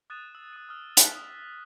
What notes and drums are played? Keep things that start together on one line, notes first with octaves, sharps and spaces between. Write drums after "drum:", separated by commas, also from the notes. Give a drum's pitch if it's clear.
D#6 F#6 A6 D#7 E7
E6
D#6 D#7
D#6 F6
D#6 F#6 A6 B6, drum: hi-hat
D#6